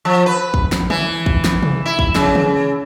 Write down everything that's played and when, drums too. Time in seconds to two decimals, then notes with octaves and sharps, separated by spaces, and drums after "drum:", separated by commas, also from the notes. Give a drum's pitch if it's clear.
0.05 F3
0.26 B4
0.54 drum: kick
0.72 drum: snare
0.90 E3, drum: tom D3
1.26 drum: kick
1.44 drum: snare
1.63 drum: tom C3
1.86 E4
1.99 drum: kick
2.15 C#3, drum: snare
2.35 drum: tom D3